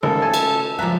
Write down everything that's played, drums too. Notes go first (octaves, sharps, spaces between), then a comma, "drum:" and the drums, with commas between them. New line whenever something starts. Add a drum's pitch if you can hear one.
G#1 C#3 A#3 A4
A3 G#5 A5
drum: cymbal
C#2 F3 E5 A#5 F#6